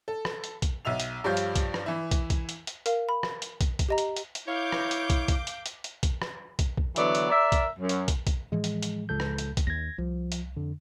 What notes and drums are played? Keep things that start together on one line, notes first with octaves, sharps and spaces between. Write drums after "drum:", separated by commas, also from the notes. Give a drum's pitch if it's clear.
A4
drum: rim click
drum: hi-hat
drum: kick, hi-hat
B1 E5 E6 F7
drum: hi-hat
G2 F3 G3 C#5 F5 G6
drum: hi-hat
drum: kick, hi-hat
drum: rim click
E3 E4
drum: kick, hi-hat
drum: kick, hi-hat
drum: hi-hat
drum: hi-hat
A#4 F5, drum: hi-hat
B5
drum: rim click
drum: hi-hat
drum: kick, hi-hat
drum: kick, hi-hat
G4 D#5 A#5
drum: hi-hat
drum: hi-hat
drum: hi-hat
E4 C#5 F5 D6 G6 D7
drum: rim click
drum: hi-hat
drum: kick, hi-hat
drum: kick, hi-hat
drum: hi-hat
drum: hi-hat
drum: hi-hat
drum: kick, hi-hat
drum: rim click
drum: kick, hi-hat
drum: kick
D3 E3 F#3 B3 D5, drum: hi-hat
drum: hi-hat
A#4 D5 E5
drum: kick, hi-hat
F#2
drum: hi-hat
drum: kick, hi-hat
drum: kick, hi-hat
A2 E3 F3 G#3
drum: hi-hat
drum: hi-hat
C#2 A4 G6
drum: rim click
drum: hi-hat
drum: kick, hi-hat
D#2 G#6 A#6
C2 F3
drum: hi-hat
F2 D3